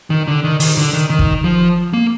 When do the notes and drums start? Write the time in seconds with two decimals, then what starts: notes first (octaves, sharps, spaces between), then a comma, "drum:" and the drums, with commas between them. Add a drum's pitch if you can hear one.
0.10 D#3
0.28 D3
0.44 D#3
0.60 D#3, drum: open hi-hat
0.77 D3
0.93 D#3
1.10 D#3
1.19 drum: kick
1.44 F3
1.93 A#3